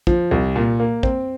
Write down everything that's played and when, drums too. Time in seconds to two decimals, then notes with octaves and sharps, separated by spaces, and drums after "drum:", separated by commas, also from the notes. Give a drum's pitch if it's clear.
0.07 F3, drum: kick
0.31 C2
0.56 A#2
0.80 A#3
1.03 C4, drum: kick